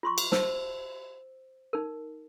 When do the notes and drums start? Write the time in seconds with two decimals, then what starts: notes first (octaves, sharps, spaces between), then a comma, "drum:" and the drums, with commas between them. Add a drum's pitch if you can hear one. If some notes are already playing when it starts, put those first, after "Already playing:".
0.03 F4 C6 C#6
0.18 drum: cymbal
0.32 C5 A5 E6, drum: snare
1.73 D#4 A#4